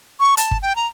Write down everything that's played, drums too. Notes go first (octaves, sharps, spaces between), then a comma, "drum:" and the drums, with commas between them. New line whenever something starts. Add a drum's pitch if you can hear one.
C#6
A5, drum: hi-hat
drum: kick G1
G5
A#5